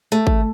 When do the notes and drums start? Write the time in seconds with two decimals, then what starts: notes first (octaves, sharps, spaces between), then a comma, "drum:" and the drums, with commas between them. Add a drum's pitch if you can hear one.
0.12 A3
0.27 drum: kick G#1